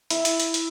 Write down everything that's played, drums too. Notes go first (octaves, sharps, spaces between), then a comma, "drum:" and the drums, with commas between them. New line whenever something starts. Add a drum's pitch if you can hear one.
E4, drum: hi-hat
drum: hi-hat
drum: hi-hat
drum: hi-hat